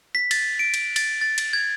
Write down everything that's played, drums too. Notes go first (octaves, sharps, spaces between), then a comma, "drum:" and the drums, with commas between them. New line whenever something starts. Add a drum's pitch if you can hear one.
B6
A6, drum: cymbal
D7
drum: cymbal
A6, drum: cymbal
A6
drum: cymbal
G#6